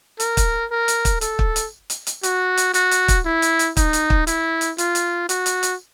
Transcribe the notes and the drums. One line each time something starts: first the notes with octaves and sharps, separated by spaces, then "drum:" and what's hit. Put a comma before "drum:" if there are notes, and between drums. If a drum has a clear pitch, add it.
A#4, drum: hi-hat
drum: kick, hi-hat
A#4
drum: hi-hat
drum: kick, hi-hat
A4, drum: hi-hat
drum: kick
drum: hi-hat
drum: hi-hat
drum: hi-hat
F#4, drum: hi-hat
drum: hi-hat
F#4, drum: hi-hat
drum: hi-hat
drum: kick, hi-hat
E4
drum: hi-hat
drum: hi-hat
D#4, drum: kick, hi-hat
drum: hi-hat
drum: kick
E4, drum: hi-hat
drum: hi-hat
F4, drum: hi-hat
drum: hi-hat
F#4, drum: hi-hat
drum: hi-hat
drum: hi-hat